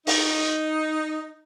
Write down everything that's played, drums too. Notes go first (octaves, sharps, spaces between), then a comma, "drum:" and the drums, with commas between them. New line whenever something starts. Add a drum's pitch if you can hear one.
D#4, drum: open hi-hat